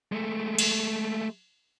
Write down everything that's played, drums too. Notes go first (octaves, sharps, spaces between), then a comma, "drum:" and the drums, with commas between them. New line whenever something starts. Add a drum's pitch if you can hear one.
G#3 A3
drum: cymbal